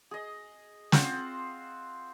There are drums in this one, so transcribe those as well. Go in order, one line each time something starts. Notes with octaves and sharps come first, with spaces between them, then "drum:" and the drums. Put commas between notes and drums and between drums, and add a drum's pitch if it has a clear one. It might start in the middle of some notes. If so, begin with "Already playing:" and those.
G#4 D#5
C4 F4 C5 F#5, drum: snare